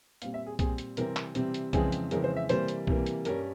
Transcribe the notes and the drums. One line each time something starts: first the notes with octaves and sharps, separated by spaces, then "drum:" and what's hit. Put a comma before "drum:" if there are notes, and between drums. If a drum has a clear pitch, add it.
A#2 G3 C4 F5, drum: hi-hat
E5
G#4
A#2 G3 C4 G#4, drum: kick B1, hi-hat
drum: hi-hat
C3 E3 G3 C4 A#4, drum: hi-hat
drum: clap
C3 E3 G3 C4, drum: hi-hat
drum: hi-hat
F2 C#3 E3 G#3 C4 G#4, drum: kick B1, hi-hat
drum: hi-hat
F2 C#3 E3 G#3 C4 A#4, drum: hi-hat
C5
E5
C3 E3 G3 A#3 C5, drum: hi-hat
drum: hi-hat
C3 E3 G3 A#3, drum: kick B1
drum: hi-hat
G2 G3 C#4 A#4, drum: hi-hat